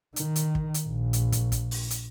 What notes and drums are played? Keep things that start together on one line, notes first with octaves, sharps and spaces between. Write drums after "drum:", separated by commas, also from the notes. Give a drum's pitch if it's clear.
D#3, drum: hi-hat
drum: hi-hat
drum: kick
drum: hi-hat
A#1
drum: hi-hat
drum: kick, hi-hat
drum: kick, hi-hat
drum: open hi-hat
drum: hi-hat